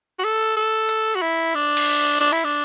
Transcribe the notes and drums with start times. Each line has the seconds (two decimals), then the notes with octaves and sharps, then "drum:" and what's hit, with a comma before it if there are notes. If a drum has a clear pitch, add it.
0.19 F#4
0.24 A4
0.57 A4
0.89 drum: hi-hat
1.15 F#4
1.22 E4
1.55 D4
1.77 drum: cymbal
2.20 D4, drum: hi-hat
2.32 E4
2.44 D4